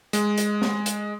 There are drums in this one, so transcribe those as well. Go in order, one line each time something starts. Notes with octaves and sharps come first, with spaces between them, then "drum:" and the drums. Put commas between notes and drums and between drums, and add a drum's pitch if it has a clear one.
G#3, drum: hi-hat
drum: hi-hat
drum: snare
drum: hi-hat